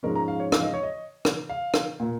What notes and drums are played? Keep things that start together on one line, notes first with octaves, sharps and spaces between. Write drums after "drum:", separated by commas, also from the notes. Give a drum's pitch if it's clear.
G#2 F3 G#3 C#4 A#4
A#5
F5
C#5
F5, drum: rim click
D#5
C#5
D#5
drum: rim click
F5
drum: rim click
A#2 A#3